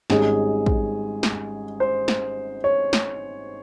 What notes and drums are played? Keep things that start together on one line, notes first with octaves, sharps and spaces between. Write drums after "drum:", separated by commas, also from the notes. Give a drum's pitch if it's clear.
G#1 G#2 G3 C#4 G#4, drum: snare
drum: kick
drum: snare
C5
drum: snare
C#5
drum: snare